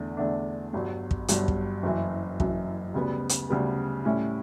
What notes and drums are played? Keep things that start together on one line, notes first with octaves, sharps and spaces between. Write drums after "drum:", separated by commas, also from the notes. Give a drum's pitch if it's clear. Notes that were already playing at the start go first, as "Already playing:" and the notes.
Already playing: E2 D3 A3 D4
E2 D3 A3 D4
G1 G2 F#3
drum: kick
G1 G2 F#3, drum: hi-hat
drum: kick
F#1 F#2 E3
F#1 F#2 E3, drum: kick
D2 C#3 G3 B3
drum: hi-hat
D2 C#3 G3 B3
A2 G3 C#4 E4